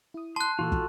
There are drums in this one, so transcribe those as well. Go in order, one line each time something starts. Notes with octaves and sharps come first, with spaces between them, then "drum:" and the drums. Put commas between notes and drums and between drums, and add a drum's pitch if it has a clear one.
E4 D#6
A5 C6 F#6
A#2 E3 F4 F#4 A4 F5
drum: kick